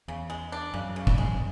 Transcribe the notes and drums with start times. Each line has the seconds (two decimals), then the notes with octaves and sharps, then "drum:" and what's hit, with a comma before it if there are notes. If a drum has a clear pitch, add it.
0.08 E2 C#3
0.30 G#3
0.52 D4
0.74 F#2 C#3
0.96 C#3
1.07 drum: kick
1.18 G#3